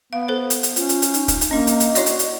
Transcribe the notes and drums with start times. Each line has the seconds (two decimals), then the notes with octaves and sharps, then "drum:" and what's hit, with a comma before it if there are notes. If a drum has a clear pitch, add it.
0.13 B3 F5
0.28 A4 C5
0.50 drum: hi-hat
0.63 drum: hi-hat
0.76 C#4 F4, drum: hi-hat
0.89 drum: hi-hat
1.02 drum: hi-hat
1.14 D#4, drum: hi-hat
1.28 drum: kick, hi-hat
1.41 drum: hi-hat
1.51 A#3 C#4 D4 D#5
1.67 drum: hi-hat
1.80 drum: hi-hat
1.95 E4 F#4 C#5 D5, drum: hi-hat
2.06 drum: hi-hat
2.19 drum: hi-hat